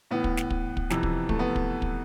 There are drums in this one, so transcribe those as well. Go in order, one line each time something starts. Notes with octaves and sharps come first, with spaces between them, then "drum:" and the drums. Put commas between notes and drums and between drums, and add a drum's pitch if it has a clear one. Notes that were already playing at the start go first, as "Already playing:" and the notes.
A2 E3 B3
drum: kick
drum: snare
drum: kick
drum: kick
F2 C3 E3, drum: snare
drum: kick
A3, drum: kick
B3
drum: kick
drum: kick